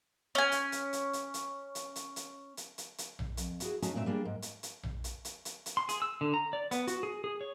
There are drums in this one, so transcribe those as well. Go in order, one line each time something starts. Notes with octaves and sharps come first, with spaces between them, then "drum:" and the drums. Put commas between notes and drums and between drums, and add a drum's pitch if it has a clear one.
C#4 G#5
drum: hi-hat
drum: hi-hat
drum: hi-hat
drum: hi-hat
drum: hi-hat
drum: hi-hat
drum: hi-hat
drum: hi-hat
drum: hi-hat
drum: hi-hat
drum: hi-hat
drum: tom A#1
F2, drum: hi-hat
E4 F#4 G#4, drum: hi-hat
C#4 D#4 F#4 F5 G#5 A5, drum: hi-hat
G2 A#2 C4 G4 E5
G3 A#3 D4 G#4
G#2
drum: hi-hat
drum: hi-hat
drum: tom A#1
drum: hi-hat
drum: hi-hat
drum: hi-hat
drum: hi-hat
C6
G#4, drum: hi-hat
E6
D3
A#5
D5
B3, drum: hi-hat
F#4, drum: hi-hat
G#4
G#4
C#5